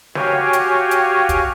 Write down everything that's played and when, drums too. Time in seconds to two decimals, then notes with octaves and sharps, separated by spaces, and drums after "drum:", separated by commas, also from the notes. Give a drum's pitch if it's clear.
0.15 F#4 G4 C#5 F5 G5 G#5, drum: snare
0.53 drum: hi-hat
0.91 drum: hi-hat
1.29 drum: kick, hi-hat